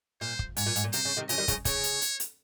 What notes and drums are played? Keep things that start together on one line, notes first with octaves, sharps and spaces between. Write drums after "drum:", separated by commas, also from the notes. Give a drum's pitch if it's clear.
A#2 C5
drum: kick
G#2 C#5, drum: hi-hat
A#2
G#2, drum: hi-hat
A#2
C3 C5, drum: hi-hat
C#3
C3 D#3
C#3 F3 D#5, drum: hi-hat
D#3 G3
C#3 F3, drum: kick, hi-hat
C#3 C#5, drum: kick, hi-hat
drum: hi-hat
drum: hi-hat
drum: hi-hat